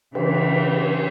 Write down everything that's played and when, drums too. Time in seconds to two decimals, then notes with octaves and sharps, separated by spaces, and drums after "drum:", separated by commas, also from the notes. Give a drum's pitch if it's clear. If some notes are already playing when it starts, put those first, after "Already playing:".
0.15 C#3 E3, drum: cymbal